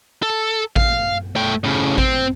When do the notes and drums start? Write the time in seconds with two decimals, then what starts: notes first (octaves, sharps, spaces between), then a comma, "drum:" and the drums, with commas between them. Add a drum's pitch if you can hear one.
0.23 A4
0.76 F5, drum: kick A1
1.36 A3 G5
1.64 A2 C#3
1.98 C4, drum: kick A1